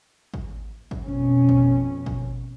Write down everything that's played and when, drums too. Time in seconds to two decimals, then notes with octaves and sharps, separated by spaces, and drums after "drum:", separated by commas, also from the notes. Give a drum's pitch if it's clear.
0.34 drum: kick G#1
0.91 drum: kick G#1
1.06 F2 B2 C#4
1.49 drum: kick G#1
2.06 drum: kick G#1